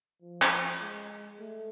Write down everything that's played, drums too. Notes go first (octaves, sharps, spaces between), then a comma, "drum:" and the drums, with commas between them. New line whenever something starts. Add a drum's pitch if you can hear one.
F3
drum: clap
G#3
A3